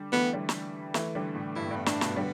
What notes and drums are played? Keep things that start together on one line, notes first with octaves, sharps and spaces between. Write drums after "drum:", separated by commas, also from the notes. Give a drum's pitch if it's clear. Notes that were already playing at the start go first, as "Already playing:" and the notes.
Already playing: D3 G3
E3 A3 B3
D3 G3
drum: snare
E3 A3, drum: snare
D3 G3
A2
G2 E4
A2
G2 B3
A2 D4, drum: snare
G2 B2, drum: snare
D3 G3 B3